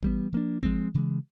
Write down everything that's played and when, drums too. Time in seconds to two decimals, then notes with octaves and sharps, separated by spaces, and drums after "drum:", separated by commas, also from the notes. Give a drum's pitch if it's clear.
0.03 E3 G3 B3, drum: kick G#1
0.33 F3 A#3 D4
0.63 F3 G#3 C4, drum: kick G#1
0.94 C#3 E3 G#3